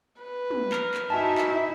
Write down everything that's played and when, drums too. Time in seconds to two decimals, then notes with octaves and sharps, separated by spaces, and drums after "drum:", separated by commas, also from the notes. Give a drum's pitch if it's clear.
0.20 B4
0.50 drum: tom
0.72 A#4, drum: clap
0.94 drum: clap
1.10 D#4 E4 F#4 E5 G#5 A5
1.38 drum: clap